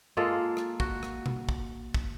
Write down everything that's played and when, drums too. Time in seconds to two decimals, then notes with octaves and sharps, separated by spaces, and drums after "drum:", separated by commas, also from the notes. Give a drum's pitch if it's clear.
0.17 G#3 A#3 F4 A4
0.57 drum: rim click
0.80 F#4, drum: kick
1.03 drum: rim click
1.26 drum: tom B2
1.49 drum: kick
1.94 drum: kick